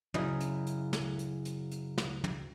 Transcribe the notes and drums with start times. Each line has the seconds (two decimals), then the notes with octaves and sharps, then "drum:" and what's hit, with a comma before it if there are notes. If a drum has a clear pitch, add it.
0.14 F#2 C#3 E4 D#5, drum: tom
0.40 drum: hi-hat
0.67 drum: hi-hat
0.93 drum: snare
1.19 drum: hi-hat
1.45 drum: hi-hat
1.71 drum: hi-hat
1.98 drum: snare
2.24 drum: tom